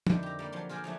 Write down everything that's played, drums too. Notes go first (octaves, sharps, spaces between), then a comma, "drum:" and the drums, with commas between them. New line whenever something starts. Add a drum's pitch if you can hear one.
F2 D3 D#3 E4 C5, drum: tom
G4 A#5
G3 A#3
F3 F#3 C6
F4 G#4 A#4 C5 D5
F3 F#3 A3 D4